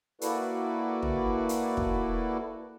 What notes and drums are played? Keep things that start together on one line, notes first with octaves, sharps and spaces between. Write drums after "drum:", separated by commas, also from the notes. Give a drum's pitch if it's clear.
A#3 E4 F#4 A4 B4 D5, drum: hi-hat
drum: tom
drum: hi-hat
drum: kick